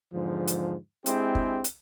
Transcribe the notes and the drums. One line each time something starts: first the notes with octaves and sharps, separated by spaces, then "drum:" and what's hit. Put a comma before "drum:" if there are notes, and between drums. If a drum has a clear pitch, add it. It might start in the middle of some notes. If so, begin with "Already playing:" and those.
E2 G#2 D3 F3
drum: hi-hat
G#3 C4 D4 E4 G4 G#4, drum: hi-hat
drum: kick
drum: hi-hat